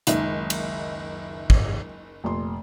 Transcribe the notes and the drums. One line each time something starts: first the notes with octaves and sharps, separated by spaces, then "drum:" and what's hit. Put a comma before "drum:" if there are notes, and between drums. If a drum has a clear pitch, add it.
F#1 C#2 D#3 D#4 E5, drum: hi-hat
drum: cymbal
drum: kick
F1 A#2 C6